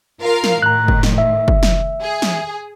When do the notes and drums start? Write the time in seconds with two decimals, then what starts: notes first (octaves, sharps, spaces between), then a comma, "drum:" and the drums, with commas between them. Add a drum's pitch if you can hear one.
0.21 F4 A#4 F5
0.44 drum: snare
0.62 A2 D#3 A#5 F#6
0.88 drum: kick
1.03 drum: snare
1.18 E5
1.48 drum: kick
1.63 drum: snare
2.02 G#4
2.22 drum: snare